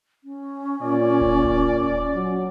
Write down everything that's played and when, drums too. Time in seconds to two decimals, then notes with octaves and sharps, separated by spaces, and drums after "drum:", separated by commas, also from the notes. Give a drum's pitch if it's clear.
0.24 C#4
0.82 A#2 D5
1.21 drum: kick D#1
1.44 drum: kick D#1
2.15 F#3